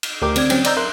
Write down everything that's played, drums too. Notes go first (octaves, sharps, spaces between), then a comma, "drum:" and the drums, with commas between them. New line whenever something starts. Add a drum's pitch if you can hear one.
drum: cymbal
D2 G4 A#4 G5 D6
D3 C4 D5 G#6, drum: cymbal
F#3 C4 C#4, drum: cymbal
C5 D5 D#5 A#5 E6 G6, drum: cymbal
A#4 E5 C6 F#6